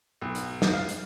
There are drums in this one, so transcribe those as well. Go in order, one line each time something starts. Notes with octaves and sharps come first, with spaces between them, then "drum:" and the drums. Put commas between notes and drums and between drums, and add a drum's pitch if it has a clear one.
B1
drum: hi-hat
drum: snare
F5
drum: hi-hat